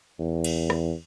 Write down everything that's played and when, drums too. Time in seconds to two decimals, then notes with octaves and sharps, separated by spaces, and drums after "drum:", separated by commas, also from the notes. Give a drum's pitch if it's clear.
0.19 E2
0.44 drum: cymbal
0.70 drum: rim click